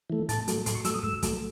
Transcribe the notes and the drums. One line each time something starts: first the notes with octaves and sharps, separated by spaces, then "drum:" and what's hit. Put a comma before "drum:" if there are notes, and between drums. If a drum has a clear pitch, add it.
E3 A3
A2 A5, drum: hi-hat
F#3 A3, drum: hi-hat
A2 C6, drum: hi-hat
C#6
F#3 A3 E6, drum: hi-hat
D#6
G#2 E6
F#3 A3, drum: kick, hi-hat